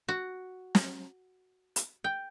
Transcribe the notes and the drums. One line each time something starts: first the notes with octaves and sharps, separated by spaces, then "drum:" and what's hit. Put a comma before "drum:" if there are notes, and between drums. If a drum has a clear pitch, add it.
F#4
drum: snare
drum: hi-hat
G5